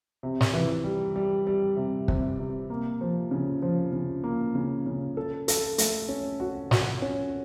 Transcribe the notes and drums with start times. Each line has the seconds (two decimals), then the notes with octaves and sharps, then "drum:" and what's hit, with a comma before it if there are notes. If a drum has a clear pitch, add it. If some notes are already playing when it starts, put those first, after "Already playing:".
0.23 C3
0.41 drum: snare
0.53 E3
0.84 G3
1.16 G3
1.47 G3
1.77 C3
2.08 C3, drum: kick
2.39 C3
2.70 A#3
3.01 F3
3.31 C#3
3.62 F3
3.93 C#3
4.24 A#3
4.55 C#3
4.86 C#3
5.17 A4
5.48 A4, drum: hi-hat
5.78 A3, drum: hi-hat
6.09 C#4
6.40 F#4
6.71 F#4, drum: snare
7.02 C#4